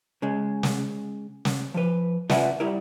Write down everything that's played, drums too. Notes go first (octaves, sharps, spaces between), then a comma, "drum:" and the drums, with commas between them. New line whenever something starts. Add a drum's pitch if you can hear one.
C#3 G#3
drum: snare
drum: snare
F3 B4
F4 B4 D5 E5 F#5 G#5, drum: snare
G3 E4 A#4